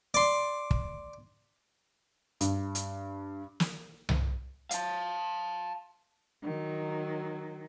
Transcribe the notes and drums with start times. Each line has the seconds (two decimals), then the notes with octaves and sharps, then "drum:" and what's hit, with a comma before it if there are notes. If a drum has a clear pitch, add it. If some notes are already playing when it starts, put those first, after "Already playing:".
0.14 D5 C6
0.71 drum: kick
2.41 G2, drum: hi-hat
2.75 drum: hi-hat
3.60 drum: snare
4.09 drum: tom C2
4.71 F5 A5, drum: hi-hat
6.43 D#3 F#3